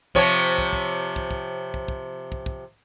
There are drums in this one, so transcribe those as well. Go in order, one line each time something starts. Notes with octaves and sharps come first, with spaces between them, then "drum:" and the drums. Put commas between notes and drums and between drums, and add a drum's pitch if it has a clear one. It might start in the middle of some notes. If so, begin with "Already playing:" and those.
C3 F3 C#5, drum: kick
drum: kick
drum: kick
drum: kick
drum: kick
drum: kick
drum: kick
drum: kick
drum: kick